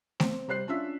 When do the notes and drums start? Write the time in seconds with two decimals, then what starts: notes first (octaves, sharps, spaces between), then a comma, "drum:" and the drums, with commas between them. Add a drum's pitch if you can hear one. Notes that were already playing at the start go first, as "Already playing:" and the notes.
0.20 C4, drum: snare A3
0.48 C3 G3 C5 F#6 C7
0.67 C#4 D4 F4 E5 E6 B6